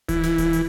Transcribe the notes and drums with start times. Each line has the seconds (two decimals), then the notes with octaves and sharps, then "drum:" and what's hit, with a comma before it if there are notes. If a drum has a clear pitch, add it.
0.09 E3, drum: kick D1, hi-hat
0.23 drum: snare
0.38 drum: kick D1, hi-hat
0.53 drum: hi-hat